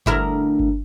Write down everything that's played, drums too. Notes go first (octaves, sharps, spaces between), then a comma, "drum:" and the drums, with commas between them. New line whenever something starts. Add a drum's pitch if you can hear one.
D2 E4 A#4, drum: kick G1
drum: kick G1